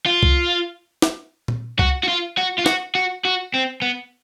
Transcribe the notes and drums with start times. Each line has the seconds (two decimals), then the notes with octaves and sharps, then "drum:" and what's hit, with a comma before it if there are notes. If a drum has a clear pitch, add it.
0.06 F4
0.23 drum: kick C2
1.02 drum: snare
1.48 drum: tom A#2
1.79 F#4, drum: kick C2
2.03 F#4
2.08 F4
2.38 F#4
2.59 F4
2.66 F#4, drum: snare
2.95 F#4
3.25 F#4
3.54 C4
3.82 B3